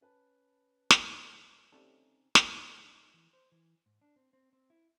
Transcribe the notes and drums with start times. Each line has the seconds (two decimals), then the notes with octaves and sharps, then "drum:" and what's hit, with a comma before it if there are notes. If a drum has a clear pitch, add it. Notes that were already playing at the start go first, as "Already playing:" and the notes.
0.01 C#4 B4 A5
0.91 drum: snare
1.72 G3 A3 C4 C#4 D#4 A4
2.35 drum: snare
2.81 D4
2.95 D#4
3.14 E3
3.33 C5
3.52 E3
3.86 G#2
4.02 D4
4.16 C4
4.33 C4
4.53 C4
4.70 E4